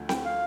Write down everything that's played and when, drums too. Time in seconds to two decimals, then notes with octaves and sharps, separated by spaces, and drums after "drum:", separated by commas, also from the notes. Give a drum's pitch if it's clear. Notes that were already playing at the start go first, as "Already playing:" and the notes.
Already playing: D2 D3 F3 A3
0.09 G5, drum: snare C4
0.25 F5